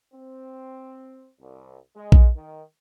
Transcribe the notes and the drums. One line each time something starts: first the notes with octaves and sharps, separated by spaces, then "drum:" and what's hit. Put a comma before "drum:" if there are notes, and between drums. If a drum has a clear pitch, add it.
C4
C2
G#3
drum: kick A#1
D#3